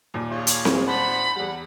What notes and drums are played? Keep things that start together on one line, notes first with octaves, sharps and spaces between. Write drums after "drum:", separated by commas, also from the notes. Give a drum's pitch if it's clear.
D#2 A#2
F4 G#4 C#5
drum: hi-hat
drum: snare C4
C5 F#5 A5 B5
E2 G3 F#5